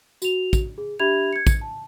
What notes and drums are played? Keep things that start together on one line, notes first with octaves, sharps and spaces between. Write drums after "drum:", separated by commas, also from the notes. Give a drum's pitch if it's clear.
F#4 F7, drum: tambourine
drum: kick, tambourine
G#4
D4 G4 E5 B5 G#6 F7
G#6 C#7
drum: kick, tambourine
A5